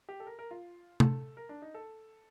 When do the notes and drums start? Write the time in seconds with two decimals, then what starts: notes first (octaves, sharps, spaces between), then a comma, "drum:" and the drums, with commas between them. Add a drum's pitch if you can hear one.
0.09 G4
0.20 A4
0.27 A#4
0.39 A#4
0.51 F4
1.00 A4, drum: tom C3
1.37 A#4
1.49 D4
1.62 D#4
1.74 A4